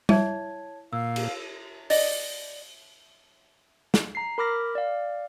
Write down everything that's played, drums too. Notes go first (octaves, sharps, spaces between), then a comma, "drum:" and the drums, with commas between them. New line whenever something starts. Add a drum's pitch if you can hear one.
E4 C#5 E5 A5 G#6, drum: tom G3
A#2 F5 E6
drum: cymbal
D5 D#5, drum: open hi-hat
drum: snare
A#5 C7
A#4 B5 D6 F6 A#6
D5 F5